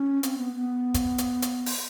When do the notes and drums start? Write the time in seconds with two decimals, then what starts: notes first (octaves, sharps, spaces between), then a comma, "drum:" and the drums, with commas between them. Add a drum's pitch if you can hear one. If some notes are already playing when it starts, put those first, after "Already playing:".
Already playing: C#4
0.23 C4, drum: hi-hat
0.38 B3
0.55 B3
0.94 drum: kick, hi-hat
1.18 drum: hi-hat
1.42 drum: hi-hat
1.66 drum: open hi-hat